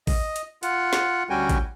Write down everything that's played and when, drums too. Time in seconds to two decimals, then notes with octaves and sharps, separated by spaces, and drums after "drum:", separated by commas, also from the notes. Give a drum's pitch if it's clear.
0.07 D#5, drum: kick A1, open hi-hat
0.36 drum: hi-hat
0.63 F4 F#5, drum: hi-hat
0.93 drum: snare
1.30 D2 G3 C#4 F#4 G5 G#5
1.49 drum: kick A1, hi-hat